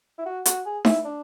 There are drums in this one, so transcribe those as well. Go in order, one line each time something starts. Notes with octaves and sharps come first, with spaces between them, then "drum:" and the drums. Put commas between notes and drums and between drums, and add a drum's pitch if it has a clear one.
E4
F#4
F#4, drum: hi-hat
G#4
E4, drum: snare D#4
D4